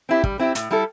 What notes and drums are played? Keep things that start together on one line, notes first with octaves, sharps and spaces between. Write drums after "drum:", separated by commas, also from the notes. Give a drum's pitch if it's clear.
C4 E4 G4
G3, drum: kick
C4 E4 G4
A2, drum: hi-hat
G3 E4 A4